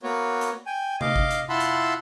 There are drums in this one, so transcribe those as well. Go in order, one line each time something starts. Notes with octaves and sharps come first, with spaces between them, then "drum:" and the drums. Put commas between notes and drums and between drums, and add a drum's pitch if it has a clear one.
A#3 B3 F#4 C#5
drum: hi-hat
G5 G#5
D#5 F5 D6, drum: tom C3
drum: kick G#1
drum: hi-hat
E4 F4 F#5 A5 B5 C6
drum: hi-hat